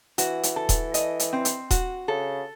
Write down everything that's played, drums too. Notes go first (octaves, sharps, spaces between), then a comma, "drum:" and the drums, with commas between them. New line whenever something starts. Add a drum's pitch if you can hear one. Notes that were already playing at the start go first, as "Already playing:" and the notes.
E3 F#4, drum: hi-hat
drum: hi-hat
A4
drum: kick D#1, hi-hat
D#5, drum: hi-hat
drum: hi-hat
C4
drum: hi-hat
F#4, drum: kick D#1, hi-hat
C#3 A4